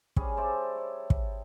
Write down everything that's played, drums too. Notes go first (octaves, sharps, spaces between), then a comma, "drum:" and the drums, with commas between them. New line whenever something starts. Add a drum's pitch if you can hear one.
G3 C#4 G#4, drum: kick
C5 D5 E5 A5
C#5
drum: kick